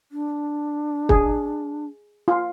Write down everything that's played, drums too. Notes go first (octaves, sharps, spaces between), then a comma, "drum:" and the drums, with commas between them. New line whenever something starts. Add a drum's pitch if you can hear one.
D4
G#4, drum: kick
F4